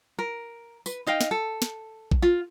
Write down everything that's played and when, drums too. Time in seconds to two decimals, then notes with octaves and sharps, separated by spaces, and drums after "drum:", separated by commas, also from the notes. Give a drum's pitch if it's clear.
0.19 A#4
0.86 B4, drum: tambourine
1.07 D#4 D#5 F5 G5
1.21 drum: snare
1.31 A4
1.62 drum: snare
2.11 drum: kick A#1
2.22 F4